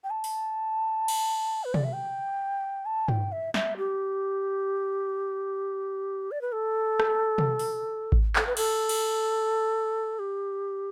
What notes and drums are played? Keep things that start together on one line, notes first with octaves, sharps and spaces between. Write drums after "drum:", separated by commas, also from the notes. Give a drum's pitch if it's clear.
G5
A5
drum: open hi-hat
drum: cymbal
B4
D5, drum: tom
E5
G5
A5
G5, drum: tom
E5
E5, drum: snare
G4
D5
B4
A4
drum: rim click
drum: tom
drum: open hi-hat
drum: kick G#1
A4, drum: clap
B4
A4, drum: cymbal
drum: cymbal
G4